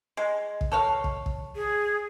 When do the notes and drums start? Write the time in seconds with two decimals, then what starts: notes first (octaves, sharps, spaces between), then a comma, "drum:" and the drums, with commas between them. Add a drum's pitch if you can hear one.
0.17 G#3
0.61 drum: kick
0.72 A4 C#5 F5
1.04 drum: kick
1.26 drum: kick
1.56 G#4